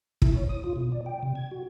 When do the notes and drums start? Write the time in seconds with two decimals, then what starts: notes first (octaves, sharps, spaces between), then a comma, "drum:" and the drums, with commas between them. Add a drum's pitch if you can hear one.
0.22 E4, drum: kick
0.34 C#5
0.49 D#6
0.64 F4
0.76 B2
0.92 D5
1.06 G5
1.23 C3
1.35 G#6
1.51 F#4